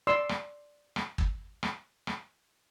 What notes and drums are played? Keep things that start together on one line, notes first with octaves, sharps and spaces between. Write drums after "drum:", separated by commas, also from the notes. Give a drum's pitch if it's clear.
D5 C6 E6
drum: rim click
drum: rim click
drum: kick
drum: rim click
drum: rim click